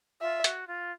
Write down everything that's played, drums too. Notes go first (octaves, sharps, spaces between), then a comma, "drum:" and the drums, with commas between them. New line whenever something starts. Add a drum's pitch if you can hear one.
F4 E5
F#4, drum: hi-hat
F4